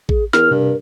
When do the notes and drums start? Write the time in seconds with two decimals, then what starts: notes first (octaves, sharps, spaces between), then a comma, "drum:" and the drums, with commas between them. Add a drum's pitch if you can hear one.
0.09 G#4, drum: kick A1
0.33 E2 A#4 F6, drum: snare
0.51 G2 C3